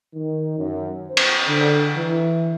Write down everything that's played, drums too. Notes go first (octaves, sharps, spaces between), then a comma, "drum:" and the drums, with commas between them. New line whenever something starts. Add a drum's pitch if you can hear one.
D#3
F#2
C5
drum: cymbal
D3
E3